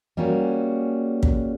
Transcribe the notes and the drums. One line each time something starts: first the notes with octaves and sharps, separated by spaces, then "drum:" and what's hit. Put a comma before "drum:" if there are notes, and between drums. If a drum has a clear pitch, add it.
G3 A#3 C#4 F#4 G#4
drum: kick